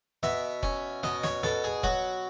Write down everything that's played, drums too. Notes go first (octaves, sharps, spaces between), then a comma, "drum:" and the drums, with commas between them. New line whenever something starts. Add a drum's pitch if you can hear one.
B2 E5, drum: snare
C#4, drum: kick F1
B2 D#5, drum: snare
C#5, drum: snare
B2 A4, drum: snare
G#4
F#3 F#4, drum: kick F1